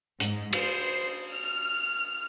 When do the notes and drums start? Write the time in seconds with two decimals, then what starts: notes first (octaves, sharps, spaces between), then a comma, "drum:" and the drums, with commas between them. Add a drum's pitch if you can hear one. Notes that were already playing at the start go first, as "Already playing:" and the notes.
0.20 G#2, drum: hi-hat
0.53 C5, drum: cymbal
1.31 F6